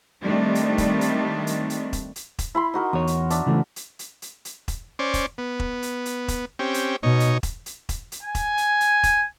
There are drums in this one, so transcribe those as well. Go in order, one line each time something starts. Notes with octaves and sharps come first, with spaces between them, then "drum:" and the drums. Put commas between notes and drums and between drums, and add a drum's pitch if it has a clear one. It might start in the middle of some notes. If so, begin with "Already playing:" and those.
D#3 G3 A3 C4 D4 D#4
drum: hi-hat
drum: kick E1, hi-hat
drum: hi-hat
drum: hi-hat
drum: hi-hat
drum: kick E1, hi-hat
drum: hi-hat
drum: kick E1, hi-hat
E4 B5 C6
D#4 F#4 A#4
E2 C#5 D#6
drum: hi-hat
D4 E5, drum: hi-hat
C#3 E3 A3
drum: hi-hat
drum: hi-hat
drum: hi-hat
drum: hi-hat
drum: kick E1, hi-hat
C#4 C5 D5
drum: kick E1, hi-hat
B3
drum: kick E1
drum: hi-hat
drum: hi-hat
drum: kick E1, hi-hat
C4 C#4 G4
drum: hi-hat
B2 D#4 C#5
drum: hi-hat
drum: kick E1, hi-hat
drum: hi-hat
drum: kick E1, hi-hat
drum: hi-hat
G#5
drum: kick E1, hi-hat
drum: hi-hat
drum: hi-hat
drum: kick E1, hi-hat